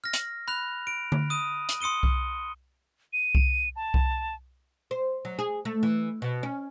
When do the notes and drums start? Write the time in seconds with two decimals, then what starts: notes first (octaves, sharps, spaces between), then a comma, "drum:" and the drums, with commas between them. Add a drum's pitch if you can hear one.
0.04 F6 A#6
0.13 drum: hi-hat
0.48 B5 F#6 F7
0.87 D7
1.12 drum: tom D3
1.30 D#6 D#7
1.69 drum: hi-hat
1.81 C6 D#6 C#7 D#7 G7
2.03 drum: kick C2
3.13 D#7
3.35 drum: kick C2
3.76 A5
3.94 drum: kick C2
4.91 C5
5.25 F#3
5.39 G#4
5.65 A3
5.83 E3
6.22 B2
6.43 C#4